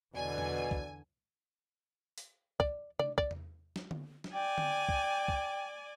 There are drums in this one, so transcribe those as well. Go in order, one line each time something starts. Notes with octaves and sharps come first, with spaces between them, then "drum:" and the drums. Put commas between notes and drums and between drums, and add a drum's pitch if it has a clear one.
E2 B2 D3 D5 G#5
drum: tom E2
drum: kick
drum: open hi-hat
D5, drum: kick
D5, drum: tom C3
D5, drum: kick
drum: tom E2
drum: snare
drum: tom D3
drum: snare
D5 G5 G#5
drum: tom D3
drum: kick
drum: kick